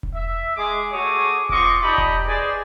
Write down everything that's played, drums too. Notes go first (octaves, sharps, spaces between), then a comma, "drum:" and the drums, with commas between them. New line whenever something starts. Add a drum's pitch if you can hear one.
drum: kick E1
E5
G#3 G#4 D6
A3 F#4 G#4 C#5 D6 D#6
C4 F4 D#5 C#6 D6, drum: kick E1
D#4 G4 D5 D#5 A5 B5
drum: kick E1
G#4 B4 C5 D5 D#5 G#5